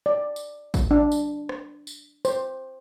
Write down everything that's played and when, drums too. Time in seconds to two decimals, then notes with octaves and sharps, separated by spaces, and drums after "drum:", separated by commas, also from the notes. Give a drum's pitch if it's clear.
0.06 D5
0.36 drum: tambourine
0.74 drum: kick A1, tambourine
0.91 D4
1.12 drum: tambourine
1.49 drum: rim click
1.87 drum: tambourine
2.25 C5, drum: tambourine